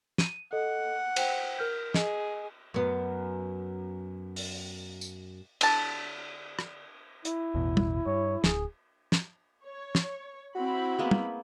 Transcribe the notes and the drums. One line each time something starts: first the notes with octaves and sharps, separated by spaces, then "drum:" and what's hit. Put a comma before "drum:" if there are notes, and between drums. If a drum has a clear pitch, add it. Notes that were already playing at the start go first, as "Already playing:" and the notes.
D#7, drum: snare
A4 D#5 F#5
C5 G5, drum: cymbal
A#4 F6 G6
G#4 D#5, drum: snare
F#2 B3
drum: open hi-hat
drum: tambourine
D3 A5, drum: cymbal
drum: rim click
E4, drum: hi-hat
A1 E2 B2
drum: tom
G2 C#5
D1 G#4, drum: snare
drum: snare
C#5
drum: snare
C4 E4 F#4 B5
G#3 A#3 B3
drum: tom